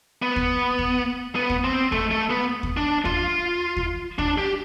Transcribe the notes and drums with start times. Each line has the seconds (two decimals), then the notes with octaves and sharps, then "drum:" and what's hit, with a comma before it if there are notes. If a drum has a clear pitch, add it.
0.22 B3
0.36 drum: kick D#2
0.79 drum: kick D#2
1.35 B3
1.50 drum: kick D#2
1.64 C4
1.92 A3, drum: kick D#2
2.11 A3
2.30 B3
2.63 drum: kick D#2
2.77 D4
3.05 F4, drum: kick D#2
3.77 drum: kick D#2
4.19 D4, drum: kick D#2
4.38 G4